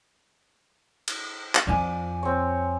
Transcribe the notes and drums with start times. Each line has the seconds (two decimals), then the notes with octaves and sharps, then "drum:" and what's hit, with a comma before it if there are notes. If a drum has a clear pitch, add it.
1.08 drum: cymbal
1.55 drum: clap
1.67 F2 F4 D5 G#5
2.23 C4 C#5